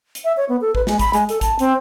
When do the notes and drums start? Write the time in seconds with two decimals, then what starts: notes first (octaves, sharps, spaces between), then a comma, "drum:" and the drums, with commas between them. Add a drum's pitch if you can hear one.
0.15 drum: hi-hat
0.24 E5
0.37 C#5
0.49 B3
0.61 A4
0.75 B4, drum: kick A1
0.87 G#3, drum: snare
0.99 B5, drum: kick A1, hi-hat
1.13 G#3, drum: hi-hat
1.29 A4, drum: hi-hat
1.41 A5, drum: kick A1, hi-hat
1.59 C4, drum: hi-hat